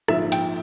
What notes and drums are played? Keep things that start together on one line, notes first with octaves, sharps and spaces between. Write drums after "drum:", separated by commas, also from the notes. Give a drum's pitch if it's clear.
A#1 G#2 F3 E5, drum: rim click
G5, drum: hi-hat